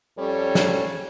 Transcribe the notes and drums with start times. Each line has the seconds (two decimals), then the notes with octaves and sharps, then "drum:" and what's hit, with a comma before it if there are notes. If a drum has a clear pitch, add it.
0.18 F2 G3 C#4 A4 C#5
0.55 drum: snare